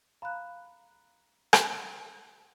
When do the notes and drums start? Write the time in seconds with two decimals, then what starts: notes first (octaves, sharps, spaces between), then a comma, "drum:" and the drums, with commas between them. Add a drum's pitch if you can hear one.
0.22 F5 A#5 B5 F#6
1.53 drum: rim click